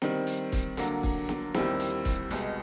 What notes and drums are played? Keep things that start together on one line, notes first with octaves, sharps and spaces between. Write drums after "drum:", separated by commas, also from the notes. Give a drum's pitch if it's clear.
D#3 G3 C4, drum: snare
drum: hi-hat
drum: kick, hi-hat
D3 F#3 A#3, drum: hi-hat
drum: kick, open hi-hat
drum: snare
D#2 D#3 G3 C4 E4, drum: snare
drum: hi-hat
drum: kick, hi-hat
C2 B2 G#3, drum: hi-hat